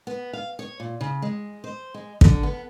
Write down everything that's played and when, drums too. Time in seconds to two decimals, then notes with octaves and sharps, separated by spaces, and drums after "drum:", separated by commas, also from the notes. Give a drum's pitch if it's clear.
0.07 B3
0.33 F5
0.59 C#5
0.80 A#2
1.01 C#3
1.22 G#3
1.64 C5
1.94 G#3
2.21 D3, drum: kick
2.43 B3